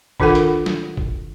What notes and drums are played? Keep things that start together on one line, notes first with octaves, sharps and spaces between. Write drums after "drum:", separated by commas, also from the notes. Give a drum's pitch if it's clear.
D#3 D4 F4 A4 A#4 F#5, drum: kick A#1
drum: hi-hat
drum: snare
drum: kick A#1